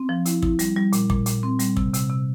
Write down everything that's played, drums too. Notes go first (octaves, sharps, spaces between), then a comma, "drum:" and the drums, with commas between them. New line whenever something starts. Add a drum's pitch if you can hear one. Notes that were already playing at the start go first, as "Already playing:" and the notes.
Already playing: C4
F3
E4, drum: hi-hat
E4, drum: kick
G3, drum: hi-hat
G3
A#2, drum: hi-hat
A#2, drum: kick
A#2, drum: hi-hat
C4
G3, drum: hi-hat
C3, drum: kick
C3, drum: hi-hat
C3